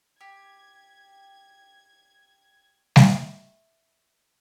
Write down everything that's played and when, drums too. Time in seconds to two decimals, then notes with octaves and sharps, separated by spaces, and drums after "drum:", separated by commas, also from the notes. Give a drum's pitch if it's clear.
0.21 G4 G#6
2.96 E5, drum: snare